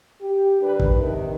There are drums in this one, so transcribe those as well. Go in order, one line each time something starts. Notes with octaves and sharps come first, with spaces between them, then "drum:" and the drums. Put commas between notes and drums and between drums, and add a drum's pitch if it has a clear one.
G4
D3 G3 D4 A#4 B4
drum: kick A1
C3 D#3